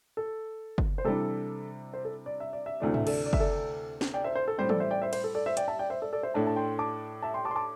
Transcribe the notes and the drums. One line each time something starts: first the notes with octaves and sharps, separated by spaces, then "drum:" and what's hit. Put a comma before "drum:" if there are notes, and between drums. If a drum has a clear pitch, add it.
A4
drum: kick
C5
C3 E3 G3 D4 A4
C5
A4
D5
E5
D5
E5
D2 C3 E3 A3 D4 D5
E5, drum: tom G#2
A4 D5, drum: cymbal
D5
E5, drum: kick
A4 D5
drum: snare
D5 G5
C5 E5
C5
A4
A2 G3 C4 C5
A4 D5, drum: tom E3
C5 E5
D5 G5
C5 E5
C5, drum: cymbal
A4
A4 D5
C5 E5
D5 G5, drum: hi-hat
E5 A5
D5 G5
C5 E5
A4 D5
A4 D5
C5 E5
A2 A3 D4 E5 A5
A5
G5 C6
A5 D6
E5 A5
G5 C6
A5 D6
C6
A5 D6